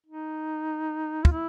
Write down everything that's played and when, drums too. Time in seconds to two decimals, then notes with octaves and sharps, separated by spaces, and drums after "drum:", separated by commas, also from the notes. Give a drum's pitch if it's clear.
0.07 D#4
1.25 F4, drum: kick
1.32 E4